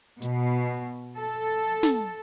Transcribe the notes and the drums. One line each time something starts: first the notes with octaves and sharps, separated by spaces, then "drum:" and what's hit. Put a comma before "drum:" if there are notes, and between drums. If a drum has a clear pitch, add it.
B2, drum: hi-hat
A4
drum: snare